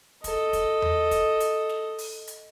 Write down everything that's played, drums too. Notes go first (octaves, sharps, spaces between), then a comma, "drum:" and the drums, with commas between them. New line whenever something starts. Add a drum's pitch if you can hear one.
A4 D#5, drum: kick, hi-hat
drum: kick, hi-hat
drum: tom E2
drum: kick, hi-hat
drum: hi-hat
drum: snare
drum: open hi-hat
drum: hi-hat